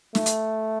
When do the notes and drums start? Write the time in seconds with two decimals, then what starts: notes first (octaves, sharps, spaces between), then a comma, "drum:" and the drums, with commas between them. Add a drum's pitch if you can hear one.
0.15 A3, drum: snare
0.26 drum: hi-hat